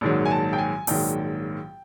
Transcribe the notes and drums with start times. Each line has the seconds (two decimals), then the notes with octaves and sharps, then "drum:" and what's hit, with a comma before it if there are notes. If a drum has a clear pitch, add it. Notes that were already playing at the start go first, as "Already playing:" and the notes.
0.01 A#1 G#2 D#3 F#3
0.25 G#5
0.31 A5
0.53 G5
0.58 G#5
0.87 A#1 G#2 D#3 F#3 G5, drum: open hi-hat